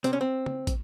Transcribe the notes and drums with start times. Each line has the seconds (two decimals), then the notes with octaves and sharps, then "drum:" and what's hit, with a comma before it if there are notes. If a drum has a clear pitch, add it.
0.04 C3 C4, drum: hi-hat
0.13 C#4
0.21 C4
0.46 drum: tom C#3
0.67 drum: kick, hi-hat